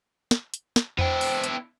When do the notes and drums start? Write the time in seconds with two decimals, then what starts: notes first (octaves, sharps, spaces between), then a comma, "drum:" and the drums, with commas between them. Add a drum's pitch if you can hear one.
0.31 drum: snare
0.54 drum: hi-hat
0.76 drum: snare
0.99 B3 D4 E4 C5 G5, drum: tom E2
1.21 drum: open hi-hat
1.44 drum: hi-hat